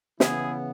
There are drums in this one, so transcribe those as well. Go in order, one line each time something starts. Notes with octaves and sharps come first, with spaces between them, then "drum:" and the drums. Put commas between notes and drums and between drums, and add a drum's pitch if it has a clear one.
C#3 E3 B3 E4 G#4, drum: snare